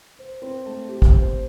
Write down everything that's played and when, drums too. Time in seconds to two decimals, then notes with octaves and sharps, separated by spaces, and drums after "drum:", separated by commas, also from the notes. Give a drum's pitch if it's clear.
0.19 C5
0.42 C4
0.66 A3
0.89 G4
1.02 drum: kick
1.12 C5